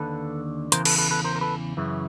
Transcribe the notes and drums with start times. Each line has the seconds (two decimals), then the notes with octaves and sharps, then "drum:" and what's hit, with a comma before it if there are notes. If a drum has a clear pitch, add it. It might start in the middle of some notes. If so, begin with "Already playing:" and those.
Already playing: D#2 D3 A4 B4
0.72 E2 C#3 E3 A#4 C5, drum: hi-hat
0.85 A4 B4, drum: cymbal
0.98 A4 B4
1.11 A4 B4
1.24 A#4 C5
1.36 A#4
1.41 A4 B4
1.77 F#2 C#3 E3